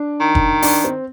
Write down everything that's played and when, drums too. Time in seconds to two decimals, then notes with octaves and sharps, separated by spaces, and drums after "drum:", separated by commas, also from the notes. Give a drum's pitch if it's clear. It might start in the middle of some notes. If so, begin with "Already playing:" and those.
Already playing: D4
0.20 D#3
0.35 drum: kick
0.62 D4, drum: open hi-hat
0.84 C4